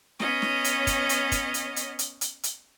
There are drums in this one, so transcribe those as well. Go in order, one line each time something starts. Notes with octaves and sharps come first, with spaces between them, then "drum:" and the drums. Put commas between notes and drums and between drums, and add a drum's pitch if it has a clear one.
B3 C#4 C#5 D#5, drum: snare
drum: snare
drum: hi-hat
drum: kick, hi-hat
drum: hi-hat
drum: kick, hi-hat
drum: hi-hat
drum: hi-hat
drum: hi-hat
drum: hi-hat
drum: hi-hat